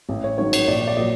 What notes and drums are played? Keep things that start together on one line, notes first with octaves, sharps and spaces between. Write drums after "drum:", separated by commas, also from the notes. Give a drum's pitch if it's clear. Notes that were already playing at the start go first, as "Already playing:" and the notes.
A1
C#5
G#2 D#3 F#3 C#5
C#5, drum: cymbal
A#1 D5
D5
A#2 F#3 D#5